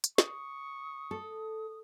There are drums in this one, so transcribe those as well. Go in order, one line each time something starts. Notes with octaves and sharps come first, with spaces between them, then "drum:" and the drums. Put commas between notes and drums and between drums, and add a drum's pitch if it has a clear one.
drum: hi-hat
C#6 D#6, drum: snare
A4